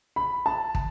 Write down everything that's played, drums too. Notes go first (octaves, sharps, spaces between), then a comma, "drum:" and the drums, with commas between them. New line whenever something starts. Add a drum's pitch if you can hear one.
B5
A5
drum: kick